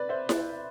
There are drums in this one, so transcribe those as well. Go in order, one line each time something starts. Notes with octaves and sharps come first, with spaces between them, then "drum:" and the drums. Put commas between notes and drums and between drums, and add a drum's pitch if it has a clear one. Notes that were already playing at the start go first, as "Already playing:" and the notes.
Already playing: B4 D5
C5 E5
drum: snare E4